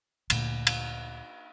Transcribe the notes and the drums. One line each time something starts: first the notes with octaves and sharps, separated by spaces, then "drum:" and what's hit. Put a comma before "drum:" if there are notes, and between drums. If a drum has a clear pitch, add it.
D2 A#2 A3, drum: cymbal
drum: cymbal